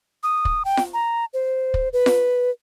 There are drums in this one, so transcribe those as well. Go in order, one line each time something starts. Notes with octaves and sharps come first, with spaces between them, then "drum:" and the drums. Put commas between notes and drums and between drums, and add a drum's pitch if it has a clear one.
D#6
drum: kick
G5
drum: snare F4
A#5
C5
drum: kick
B4
drum: snare F4